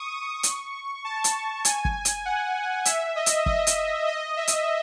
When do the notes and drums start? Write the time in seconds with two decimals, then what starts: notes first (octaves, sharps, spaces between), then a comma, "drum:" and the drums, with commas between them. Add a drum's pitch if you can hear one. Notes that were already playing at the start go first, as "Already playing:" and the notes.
Already playing: C#6 D#6
0.43 drum: hi-hat
1.05 A5
1.24 drum: hi-hat
1.65 G#5, drum: hi-hat
1.85 drum: kick F#1
2.05 drum: hi-hat
2.25 F#5
2.85 E5, drum: hi-hat
3.16 D#5
3.26 drum: hi-hat
3.46 D#5, drum: kick F#1
3.67 drum: hi-hat
4.07 D#5
4.37 E5
4.48 drum: hi-hat